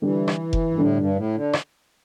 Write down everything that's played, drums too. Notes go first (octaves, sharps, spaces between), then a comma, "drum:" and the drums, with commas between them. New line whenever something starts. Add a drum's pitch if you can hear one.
D3 E3 G3 D4 G4
drum: rim click
drum: kick F1
G2
A2 D3 G3 D4 G4
G2
A2
D3
drum: rim click